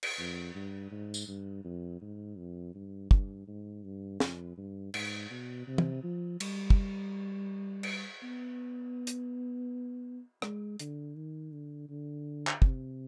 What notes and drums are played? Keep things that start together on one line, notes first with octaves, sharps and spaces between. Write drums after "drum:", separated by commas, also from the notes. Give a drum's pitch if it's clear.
drum: cymbal
F2
G2
G#2
drum: tambourine
G2
F2
G#2
F2
G2
G2, drum: kick
G#2
G2
F2, drum: snare
G2
G#2, drum: cymbal
B2
C3
drum: tom
F3
G3, drum: cymbal
drum: kick
drum: cymbal
B3
drum: hi-hat
G#3, drum: rim click
D3, drum: hi-hat
D#3
D3
D3
drum: clap
C3, drum: kick